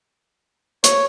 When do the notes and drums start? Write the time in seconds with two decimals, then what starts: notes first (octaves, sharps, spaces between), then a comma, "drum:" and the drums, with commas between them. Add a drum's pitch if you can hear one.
0.84 C#5, drum: hi-hat